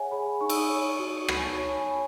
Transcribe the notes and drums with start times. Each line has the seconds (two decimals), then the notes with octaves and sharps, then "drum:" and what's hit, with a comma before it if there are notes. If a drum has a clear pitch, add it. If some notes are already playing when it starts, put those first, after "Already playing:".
Already playing: G#4 C#5 E5 F#5 G#5
0.11 G#4 B5
0.26 B5
0.41 D#4 C#6
0.49 E6, drum: cymbal
0.56 D#6
0.70 C#5
0.85 E6
0.99 F#4 D#6
1.13 C#6
1.28 F#4 B5, drum: rim click
1.36 G#5
1.43 A5
1.58 C#5 G#5
1.72 B5
1.87 C#5 B5